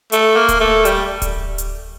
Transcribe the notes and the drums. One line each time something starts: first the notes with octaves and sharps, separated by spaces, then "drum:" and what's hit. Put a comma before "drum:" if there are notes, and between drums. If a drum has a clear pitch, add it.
A3, drum: hi-hat
A#3
drum: kick D1, hi-hat
A3
G3, drum: hi-hat
drum: kick D1, hi-hat
drum: hi-hat